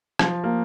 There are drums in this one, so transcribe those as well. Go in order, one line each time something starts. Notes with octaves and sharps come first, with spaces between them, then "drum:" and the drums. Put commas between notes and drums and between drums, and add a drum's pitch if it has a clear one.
F3, drum: rim click
A#3